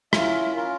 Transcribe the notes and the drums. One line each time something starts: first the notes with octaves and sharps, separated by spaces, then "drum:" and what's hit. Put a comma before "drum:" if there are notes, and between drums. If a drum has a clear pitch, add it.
C#4 E4 F4 A#4, drum: rim click
C#4 F4 A#4